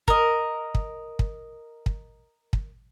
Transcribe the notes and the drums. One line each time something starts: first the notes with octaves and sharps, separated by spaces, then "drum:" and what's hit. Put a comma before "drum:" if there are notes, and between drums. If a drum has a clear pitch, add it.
A#4 D#5, drum: kick
drum: kick
drum: kick
drum: kick
drum: kick